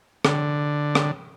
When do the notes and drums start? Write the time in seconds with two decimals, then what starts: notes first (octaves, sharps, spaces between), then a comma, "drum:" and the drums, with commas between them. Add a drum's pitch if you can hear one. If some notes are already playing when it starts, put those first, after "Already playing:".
0.25 D3, drum: rim click
0.95 drum: rim click